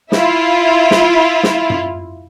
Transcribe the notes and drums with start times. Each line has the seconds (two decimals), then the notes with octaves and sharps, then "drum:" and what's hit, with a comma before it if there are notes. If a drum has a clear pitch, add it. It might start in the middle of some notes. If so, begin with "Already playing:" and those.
0.12 E4 F4, drum: snare
0.91 drum: snare
1.43 drum: snare
1.70 drum: tom F#2